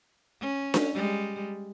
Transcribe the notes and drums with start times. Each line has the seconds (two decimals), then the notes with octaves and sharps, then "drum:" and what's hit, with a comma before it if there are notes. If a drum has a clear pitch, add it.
0.40 C#4
0.74 drum: snare D4
0.93 G3 G#3